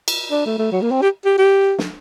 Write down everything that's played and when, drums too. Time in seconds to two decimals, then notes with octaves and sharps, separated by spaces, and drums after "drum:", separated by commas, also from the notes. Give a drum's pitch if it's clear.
0.08 drum: cymbal
0.32 D4
0.46 A3
0.58 A3
0.72 F#3
0.82 A#3
0.92 C4
1.02 G4
1.25 G4
1.38 G4
1.79 drum: snare